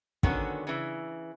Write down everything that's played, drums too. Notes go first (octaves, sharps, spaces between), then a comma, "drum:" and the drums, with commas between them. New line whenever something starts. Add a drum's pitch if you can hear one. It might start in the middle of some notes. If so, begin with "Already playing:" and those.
D3 D#3 F#3 B3 C#4, drum: kick
C#3 E3